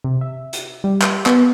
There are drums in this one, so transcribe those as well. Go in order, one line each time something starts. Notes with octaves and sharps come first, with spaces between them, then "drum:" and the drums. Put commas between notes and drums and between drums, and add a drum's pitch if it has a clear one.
C3
E5
drum: hi-hat
G3
drum: clap
B3, drum: clap